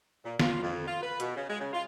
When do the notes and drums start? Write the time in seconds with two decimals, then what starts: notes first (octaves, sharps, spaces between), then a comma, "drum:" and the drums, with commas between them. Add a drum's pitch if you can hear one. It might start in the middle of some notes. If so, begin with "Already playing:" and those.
0.24 A#2
0.40 F4, drum: snare
0.62 F2
0.86 F4
1.02 B4
1.20 B2, drum: hi-hat
1.36 C#3
1.48 G#3
1.60 C#3
1.73 F4